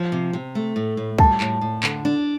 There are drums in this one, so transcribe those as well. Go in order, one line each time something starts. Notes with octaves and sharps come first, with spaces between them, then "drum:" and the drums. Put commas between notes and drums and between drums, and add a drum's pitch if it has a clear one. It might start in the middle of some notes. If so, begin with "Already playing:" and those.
Already playing: F3
C3
C3
A3
A2
A2
G3 A5, drum: kick
A2, drum: clap
A2
D3, drum: clap
D4